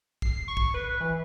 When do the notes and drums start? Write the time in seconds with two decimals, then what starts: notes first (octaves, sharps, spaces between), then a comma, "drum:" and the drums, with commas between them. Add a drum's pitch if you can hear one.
0.22 C7, drum: kick
0.48 C#6
0.57 drum: kick
0.74 B4
1.00 E3